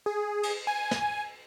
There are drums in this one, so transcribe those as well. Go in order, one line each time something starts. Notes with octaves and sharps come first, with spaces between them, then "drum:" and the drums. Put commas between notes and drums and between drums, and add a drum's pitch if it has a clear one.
G#4
drum: cymbal
G#5
drum: snare